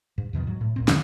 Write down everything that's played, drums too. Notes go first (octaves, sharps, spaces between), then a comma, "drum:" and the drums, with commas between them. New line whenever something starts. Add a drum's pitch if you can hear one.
G2
E2 B2 D#3 F3
G#2 F#3
A2
C#2 A#2 C4
D#2 D#3 G3, drum: snare